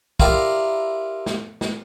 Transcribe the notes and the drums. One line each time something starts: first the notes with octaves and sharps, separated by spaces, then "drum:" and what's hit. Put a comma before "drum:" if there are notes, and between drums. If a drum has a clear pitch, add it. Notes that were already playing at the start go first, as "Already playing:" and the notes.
E4 F4 G4 A#4 D5, drum: kick
drum: snare
drum: snare